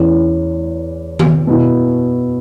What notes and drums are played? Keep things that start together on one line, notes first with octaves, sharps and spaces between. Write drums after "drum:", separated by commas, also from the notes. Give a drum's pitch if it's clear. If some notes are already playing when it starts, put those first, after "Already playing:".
Already playing: E2 E3 C#4
drum: tom D#3
B2 B3 E4